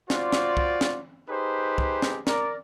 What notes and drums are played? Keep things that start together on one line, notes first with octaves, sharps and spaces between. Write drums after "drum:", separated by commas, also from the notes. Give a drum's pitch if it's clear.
F4 F#4 C5 D5, drum: snare
drum: snare
drum: kick C2
drum: snare
D#4 G4 G#4 B4 C5
drum: kick C2
drum: snare
A#4 D5, drum: snare